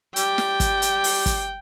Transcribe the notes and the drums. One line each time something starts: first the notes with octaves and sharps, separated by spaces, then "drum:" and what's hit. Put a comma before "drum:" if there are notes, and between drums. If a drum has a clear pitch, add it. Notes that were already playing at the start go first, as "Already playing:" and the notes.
G3 G5, drum: hi-hat
drum: snare
drum: kick, hi-hat
drum: hi-hat
drum: open hi-hat
drum: kick, hi-hat